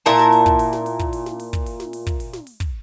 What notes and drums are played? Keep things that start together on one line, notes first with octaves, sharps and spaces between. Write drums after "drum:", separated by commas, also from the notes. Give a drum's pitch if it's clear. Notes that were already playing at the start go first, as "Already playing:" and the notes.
A#2 E4 A#4 A5, drum: open hi-hat
drum: snare
drum: open hi-hat
drum: kick, hi-hat
drum: open hi-hat
drum: snare
drum: open hi-hat
drum: kick, hi-hat
drum: open hi-hat
drum: snare
drum: open hi-hat
drum: kick, hi-hat
drum: open hi-hat
drum: snare
drum: open hi-hat
drum: kick, hi-hat
drum: open hi-hat
drum: snare
drum: open hi-hat
drum: kick, hi-hat